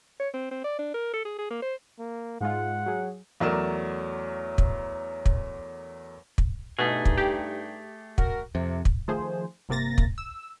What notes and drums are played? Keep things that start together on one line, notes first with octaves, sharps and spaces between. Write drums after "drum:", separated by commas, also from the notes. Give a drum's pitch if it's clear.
C#5
C4
C4
D5
D4
A#4
A4
G#4
G#4
A#3
C5
A#3
G#2 G#3 F4 F#5
F#3 G#4
E2 F#3 A3 A#4 D5 E7
drum: kick
drum: kick
drum: kick
G2 B2 A3 D#4 G#4
drum: kick
G4
F#4 A#4, drum: kick
F2 C3
drum: kick
D#3 F3 A3 G#4 C5
G1 C3 A#3 A6 A#6
drum: kick
E6